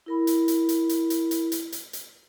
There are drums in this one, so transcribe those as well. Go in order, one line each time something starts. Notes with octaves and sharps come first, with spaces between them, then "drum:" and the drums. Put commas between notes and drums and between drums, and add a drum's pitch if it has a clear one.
E4 A#4 B5
drum: hi-hat
drum: hi-hat
drum: hi-hat
drum: hi-hat
drum: hi-hat
drum: hi-hat
drum: hi-hat
drum: hi-hat
drum: hi-hat